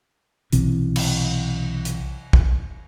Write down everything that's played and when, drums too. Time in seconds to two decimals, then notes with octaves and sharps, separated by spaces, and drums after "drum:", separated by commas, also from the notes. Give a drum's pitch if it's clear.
0.53 B1 C3 E3, drum: hi-hat
0.96 drum: cymbal
1.85 drum: hi-hat
2.33 drum: kick